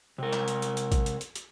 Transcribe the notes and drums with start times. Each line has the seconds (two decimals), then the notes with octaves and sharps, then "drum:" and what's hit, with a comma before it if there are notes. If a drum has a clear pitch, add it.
0.18 C3 A#4
0.33 drum: clap
0.48 drum: hi-hat
0.62 drum: hi-hat
0.77 drum: hi-hat
0.92 drum: kick, hi-hat
1.06 drum: hi-hat
1.21 drum: hi-hat
1.36 drum: hi-hat